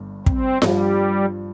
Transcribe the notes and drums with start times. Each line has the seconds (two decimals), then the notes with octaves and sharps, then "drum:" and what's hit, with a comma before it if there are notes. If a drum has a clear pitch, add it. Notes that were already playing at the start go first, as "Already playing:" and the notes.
Already playing: G1 G2
0.26 C4, drum: kick
0.62 G2 F3 G3 D4 G4, drum: snare F4